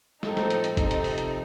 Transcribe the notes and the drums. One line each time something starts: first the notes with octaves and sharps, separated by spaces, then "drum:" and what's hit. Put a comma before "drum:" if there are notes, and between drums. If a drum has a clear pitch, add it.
A2 F3 C4 D#4 A4, drum: snare
drum: snare
drum: hi-hat
drum: hi-hat
C3 F3 C4 D#4 A4, drum: kick, hi-hat
drum: hi-hat
drum: open hi-hat
drum: hi-hat